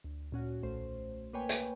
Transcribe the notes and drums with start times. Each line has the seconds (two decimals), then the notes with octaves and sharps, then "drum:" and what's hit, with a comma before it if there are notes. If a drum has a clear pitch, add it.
0.04 D2
0.32 A#2 C#4 F#4
0.63 B1 A3 C5
1.33 A#3 B4 C#5 G5 G#5
1.49 drum: hi-hat